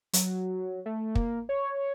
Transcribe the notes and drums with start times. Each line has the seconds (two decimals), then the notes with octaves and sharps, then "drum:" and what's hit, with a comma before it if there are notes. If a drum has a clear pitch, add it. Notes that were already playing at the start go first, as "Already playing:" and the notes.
0.13 F#3, drum: hi-hat
0.86 A3
1.15 A#3, drum: kick
1.49 C#5